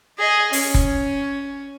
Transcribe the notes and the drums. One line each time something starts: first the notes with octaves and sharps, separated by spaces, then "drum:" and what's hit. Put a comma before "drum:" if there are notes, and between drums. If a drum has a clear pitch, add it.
G#4 D#5
C#4, drum: open hi-hat
drum: kick F#1